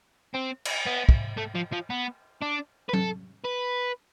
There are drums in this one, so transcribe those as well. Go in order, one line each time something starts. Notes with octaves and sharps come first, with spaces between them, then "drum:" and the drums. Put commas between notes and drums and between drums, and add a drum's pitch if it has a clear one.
C4
drum: cymbal
B3
drum: kick
A3
F3
F3
B3
D4
B4
A4, drum: tom F#3
B4